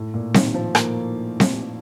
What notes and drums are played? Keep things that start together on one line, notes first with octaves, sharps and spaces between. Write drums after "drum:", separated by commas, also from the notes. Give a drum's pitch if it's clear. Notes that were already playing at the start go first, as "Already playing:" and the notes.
Already playing: A2
A#2
D#3, drum: snare C4
F3
A#3, drum: rim click
drum: snare C4